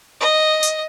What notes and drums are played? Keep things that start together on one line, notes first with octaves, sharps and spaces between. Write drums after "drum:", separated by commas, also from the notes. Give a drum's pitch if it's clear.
D#5
drum: hi-hat